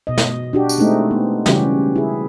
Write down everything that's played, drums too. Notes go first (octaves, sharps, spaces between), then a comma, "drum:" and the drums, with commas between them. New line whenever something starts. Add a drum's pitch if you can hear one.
B2 D#5
drum: snare
D4 F#4 G4
drum: tambourine
G#3 A3 C4 D#4 E4
B3
C#3 E3 G3 C#4 F#4 G4, drum: snare
E4 G#4